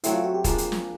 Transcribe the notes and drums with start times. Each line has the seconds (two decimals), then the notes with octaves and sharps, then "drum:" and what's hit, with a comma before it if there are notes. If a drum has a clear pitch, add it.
0.04 F#3 A3 C4 E4, drum: hi-hat
0.13 F4
0.24 F#4
0.34 G4
0.44 F3 A#3 D4 G#4, drum: kick, hi-hat
0.58 drum: hi-hat
0.72 drum: snare